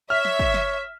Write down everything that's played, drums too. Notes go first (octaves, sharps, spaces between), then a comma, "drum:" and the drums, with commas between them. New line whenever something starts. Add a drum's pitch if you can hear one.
C#5 E5 F6
drum: snare
drum: kick
drum: snare